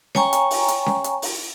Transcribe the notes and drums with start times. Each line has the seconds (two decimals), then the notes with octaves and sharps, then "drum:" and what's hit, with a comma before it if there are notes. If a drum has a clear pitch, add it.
0.15 C#5 G5 G#5 A#5 C#6, drum: snare C#4
0.33 drum: hi-hat
0.51 drum: open hi-hat
0.68 drum: hi-hat
0.86 drum: snare C#4
1.04 drum: hi-hat
1.22 drum: open hi-hat